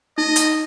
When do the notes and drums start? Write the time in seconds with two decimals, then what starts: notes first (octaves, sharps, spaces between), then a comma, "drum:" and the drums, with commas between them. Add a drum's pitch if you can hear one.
0.18 D#4 D#5
0.36 drum: hi-hat